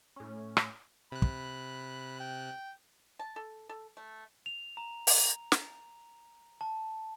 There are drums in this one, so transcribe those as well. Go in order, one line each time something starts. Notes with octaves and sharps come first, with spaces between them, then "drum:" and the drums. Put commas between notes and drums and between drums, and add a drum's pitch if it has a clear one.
A2 C#4
drum: rim click
C3 B5 F#6
drum: kick
G5
A5
A4
A4
A3
F7
A#5
drum: open hi-hat
drum: snare
A5